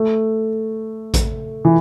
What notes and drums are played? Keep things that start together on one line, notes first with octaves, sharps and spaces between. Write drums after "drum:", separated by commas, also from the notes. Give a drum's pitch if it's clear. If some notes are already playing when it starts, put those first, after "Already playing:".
Already playing: A3
drum: kick A1, hi-hat
E3